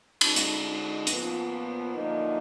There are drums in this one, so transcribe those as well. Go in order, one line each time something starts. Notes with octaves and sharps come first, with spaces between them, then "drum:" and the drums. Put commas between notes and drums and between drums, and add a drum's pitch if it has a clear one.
D3 G#3 D#4, drum: cymbal
drum: hi-hat
A#2 F3 B3, drum: hi-hat
F#2 D3 F3 A#3 D#4